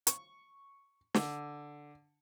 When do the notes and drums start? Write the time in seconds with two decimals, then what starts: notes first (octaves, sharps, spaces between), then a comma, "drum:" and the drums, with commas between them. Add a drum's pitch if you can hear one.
0.07 C#6, drum: hi-hat
1.14 D3, drum: snare